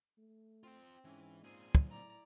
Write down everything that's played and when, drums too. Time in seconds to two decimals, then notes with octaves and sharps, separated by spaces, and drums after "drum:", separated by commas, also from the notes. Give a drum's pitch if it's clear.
0.18 A3
0.63 C4 F4 G5
1.05 G#2 E3 C#4
1.44 A#2 C4 F4 G#4 G#5
1.75 drum: kick
1.90 A2 E4 D5 A#5